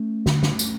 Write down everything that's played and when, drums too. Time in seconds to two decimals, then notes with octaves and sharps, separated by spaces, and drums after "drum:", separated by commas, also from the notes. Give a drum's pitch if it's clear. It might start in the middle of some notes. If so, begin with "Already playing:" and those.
Already playing: A3 C#4
0.26 D3, drum: snare
0.43 drum: snare
0.59 drum: tambourine